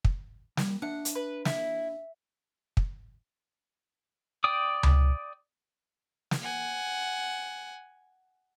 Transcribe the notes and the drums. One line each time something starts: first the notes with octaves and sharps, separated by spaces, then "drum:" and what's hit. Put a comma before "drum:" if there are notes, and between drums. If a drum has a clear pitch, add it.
drum: kick
G3, drum: snare
D4 E5 F#5
drum: hi-hat
B4
E4, drum: snare
drum: kick
D5 G5 D6 D#6
drum: tom C#2
drum: snare
F#5 G#5